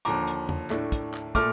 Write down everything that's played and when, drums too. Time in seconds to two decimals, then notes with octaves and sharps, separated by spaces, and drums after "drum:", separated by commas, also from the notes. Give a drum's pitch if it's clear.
0.05 D#2 D3 F3 A#5 D6, drum: hi-hat
0.27 drum: hi-hat
0.49 drum: tom E2
0.70 A2 A3 D4, drum: clap
0.92 drum: kick, hi-hat
1.14 drum: clap
1.35 A#2 A3 D6 F6, drum: kick, hi-hat